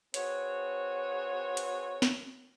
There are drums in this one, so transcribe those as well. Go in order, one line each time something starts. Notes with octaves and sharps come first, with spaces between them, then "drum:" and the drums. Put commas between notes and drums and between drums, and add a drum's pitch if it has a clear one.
C4 F#4 G#4 B4 C#5, drum: hi-hat
drum: hi-hat
drum: snare